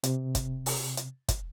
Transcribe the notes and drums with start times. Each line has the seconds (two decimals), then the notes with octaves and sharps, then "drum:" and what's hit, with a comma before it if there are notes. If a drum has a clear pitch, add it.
0.03 C3, drum: hi-hat
0.35 drum: kick, hi-hat
0.66 drum: open hi-hat
0.97 drum: hi-hat
1.28 drum: kick, hi-hat